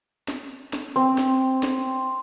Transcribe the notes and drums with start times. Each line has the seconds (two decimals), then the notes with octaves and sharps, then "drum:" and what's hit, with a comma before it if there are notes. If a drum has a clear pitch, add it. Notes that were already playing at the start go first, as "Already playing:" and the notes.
0.28 drum: snare
0.73 drum: snare
0.96 C4
1.18 drum: snare
1.63 drum: snare